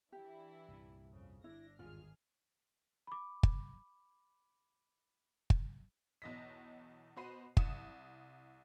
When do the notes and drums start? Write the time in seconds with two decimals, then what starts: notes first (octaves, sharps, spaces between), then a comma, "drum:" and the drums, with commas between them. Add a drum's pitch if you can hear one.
0.12 E3 D4 E4 G4
0.68 C2 G2 A#2
1.12 F2 C#3
1.44 G1 D4 E4 A#6
1.79 G#1 E2 G2 F4 G#4 F6
3.07 B5 D6
3.43 drum: kick
5.50 drum: kick
6.22 B1 E2 D#5 A#6 B6
7.16 B2 F#4 C5 B5 C7 D#7
7.57 C2 D#6 C#7 E7, drum: kick